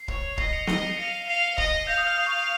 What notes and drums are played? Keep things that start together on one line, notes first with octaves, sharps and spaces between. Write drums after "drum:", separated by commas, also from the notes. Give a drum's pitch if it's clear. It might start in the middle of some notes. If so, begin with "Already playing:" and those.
Already playing: C7
C#5, drum: kick C#1
D#5 C7, drum: kick C#1
C#7 F7
D#5 D#7 G7, drum: snare
C#7 F7
C7 D#7
F5 A#6 C#7
F5 C7
D#5, drum: kick C#1
F5 G6
D#6
F6
D#6
C#6
D#6